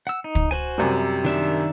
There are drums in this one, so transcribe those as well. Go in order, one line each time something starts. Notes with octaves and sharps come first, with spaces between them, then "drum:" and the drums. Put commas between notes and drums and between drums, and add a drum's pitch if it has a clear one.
F#5 E6
D#4
drum: kick
F#4 C5 G#5
F#2 C3 G3
D#3 D4 E5